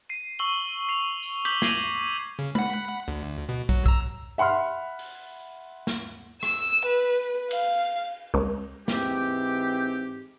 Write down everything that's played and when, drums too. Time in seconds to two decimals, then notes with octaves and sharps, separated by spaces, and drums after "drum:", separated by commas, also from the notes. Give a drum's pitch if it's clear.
0.09 C7 D#7
0.39 C#6 E6 F#7 G7
0.89 C7 F7
1.23 drum: tambourine
1.45 D6 G6 B6 F#7 G7, drum: hi-hat
1.62 G#6 A#6 C7 D#7 F7 F#7, drum: snare
2.39 C#3
2.55 F#5 B5, drum: tom G#3
3.08 D2
3.49 B2
3.69 F#3, drum: kick
3.86 A#5 E6, drum: kick
4.38 E5 F#5 B5 C6 F6
4.99 drum: open hi-hat
5.87 drum: snare
6.43 E6, drum: rim click
6.85 B4
7.51 F5, drum: cymbal
8.34 C#2
8.88 G#2 E3 C4 G4, drum: snare